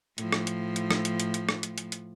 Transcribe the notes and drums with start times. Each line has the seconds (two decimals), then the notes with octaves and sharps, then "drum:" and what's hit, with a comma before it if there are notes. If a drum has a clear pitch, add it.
0.18 A2 F3, drum: hi-hat
0.32 drum: rim click
0.47 drum: hi-hat
0.76 drum: hi-hat
0.91 drum: rim click
1.05 drum: hi-hat
1.20 drum: hi-hat
1.34 drum: hi-hat
1.49 drum: rim click
1.63 drum: hi-hat
1.78 drum: hi-hat
1.92 drum: hi-hat